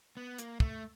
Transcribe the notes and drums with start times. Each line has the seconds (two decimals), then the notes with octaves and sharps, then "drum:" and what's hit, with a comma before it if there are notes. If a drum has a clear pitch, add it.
0.17 B3
0.38 A#3, drum: hi-hat
0.60 A3, drum: kick